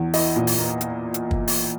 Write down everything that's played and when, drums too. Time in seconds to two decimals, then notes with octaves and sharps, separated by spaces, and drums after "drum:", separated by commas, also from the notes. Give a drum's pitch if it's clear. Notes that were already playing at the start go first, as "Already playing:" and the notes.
Already playing: E2
0.14 E4 D#5, drum: open hi-hat
0.36 A#2
0.47 drum: open hi-hat
0.58 A#3
0.81 drum: hi-hat
1.14 drum: hi-hat
1.31 drum: kick
1.48 drum: open hi-hat